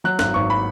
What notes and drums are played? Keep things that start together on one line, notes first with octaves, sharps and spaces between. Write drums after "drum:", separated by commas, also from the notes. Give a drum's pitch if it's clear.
F#3 F#6
G#1 F#6, drum: snare
G#1 C#6
B5